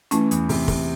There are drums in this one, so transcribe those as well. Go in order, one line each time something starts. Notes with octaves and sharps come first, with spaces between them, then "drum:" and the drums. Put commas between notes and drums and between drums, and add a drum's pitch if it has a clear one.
E3 A3 C#4, drum: hi-hat
E2, drum: hi-hat
C3, drum: open hi-hat
C3, drum: kick, open hi-hat